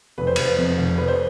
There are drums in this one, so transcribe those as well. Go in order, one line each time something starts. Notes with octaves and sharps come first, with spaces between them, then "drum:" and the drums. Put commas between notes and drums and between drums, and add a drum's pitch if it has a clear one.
F1 B4
C5
F1 B4, drum: cymbal
F2
F1
F1 B4
C5